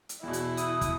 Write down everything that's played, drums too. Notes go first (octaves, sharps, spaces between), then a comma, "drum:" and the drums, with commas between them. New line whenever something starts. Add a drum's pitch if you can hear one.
drum: hi-hat
E2 B2 E4
drum: hi-hat
D#6, drum: hi-hat
drum: kick, hi-hat